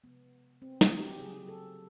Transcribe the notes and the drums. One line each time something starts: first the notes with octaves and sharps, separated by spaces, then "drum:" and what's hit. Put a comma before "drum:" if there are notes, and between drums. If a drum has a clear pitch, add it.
C3 F3 G#3 B3
C4
F#4, drum: snare
G4
C#3 F#3 A#3 G#4
A4